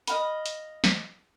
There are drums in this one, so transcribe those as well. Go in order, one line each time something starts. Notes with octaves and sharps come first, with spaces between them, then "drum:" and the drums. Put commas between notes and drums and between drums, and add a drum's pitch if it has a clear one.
D#5 F5 B5, drum: hi-hat
drum: hi-hat
drum: snare